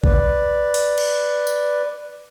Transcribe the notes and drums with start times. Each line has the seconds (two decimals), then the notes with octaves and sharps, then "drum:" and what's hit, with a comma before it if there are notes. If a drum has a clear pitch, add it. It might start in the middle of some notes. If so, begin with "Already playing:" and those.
0.04 B4 D5, drum: kick A1
0.74 drum: open hi-hat
0.98 drum: cymbal
1.47 drum: tambourine